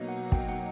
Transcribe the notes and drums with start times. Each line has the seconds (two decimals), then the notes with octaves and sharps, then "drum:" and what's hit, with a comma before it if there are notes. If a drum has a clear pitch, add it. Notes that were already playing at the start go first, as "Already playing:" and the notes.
Already playing: B2 F#3 A#3 D#4
0.08 F#5
0.32 G5, drum: kick
0.49 F#5